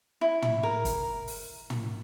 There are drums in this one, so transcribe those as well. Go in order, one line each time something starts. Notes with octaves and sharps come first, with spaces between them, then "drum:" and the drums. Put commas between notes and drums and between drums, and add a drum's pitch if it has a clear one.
E4
drum: tom
A#4
drum: kick, hi-hat
drum: open hi-hat
drum: tom